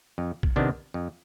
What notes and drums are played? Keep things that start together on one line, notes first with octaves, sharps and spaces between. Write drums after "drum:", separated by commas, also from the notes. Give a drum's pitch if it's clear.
F2
drum: kick A#1
C3 D#3 B3 D4
F2